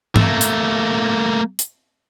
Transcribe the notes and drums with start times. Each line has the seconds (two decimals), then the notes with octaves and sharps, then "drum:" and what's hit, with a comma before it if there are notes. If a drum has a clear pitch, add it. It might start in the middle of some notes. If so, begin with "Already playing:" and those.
0.16 A3 A#3, drum: tom G#2
0.41 drum: hi-hat
1.59 drum: hi-hat